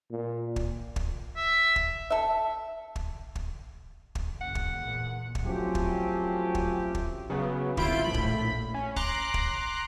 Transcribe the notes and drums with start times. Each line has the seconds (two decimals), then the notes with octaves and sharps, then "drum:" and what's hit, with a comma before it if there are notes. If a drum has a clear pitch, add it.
0.11 A#2
0.56 drum: kick
0.96 drum: kick
1.36 E5
1.76 drum: kick
2.10 A4 E5
2.96 drum: kick
3.35 drum: kick
4.15 drum: kick
4.41 F#1 C#3 F#5
4.55 drum: kick
4.77 E2 A#2
5.35 drum: kick
5.45 F3 F#3 A3 C4 C#4 G4
5.75 drum: kick
6.55 drum: kick
6.95 drum: kick
7.30 C#3 F#3 B3
7.77 G#1 E4 F4 C6 G6 D7, drum: kick
8.04 A#1 A2 B5
8.14 drum: kick
8.74 C#4
8.96 A#5 C6 D6 F#6, drum: kick
9.34 drum: kick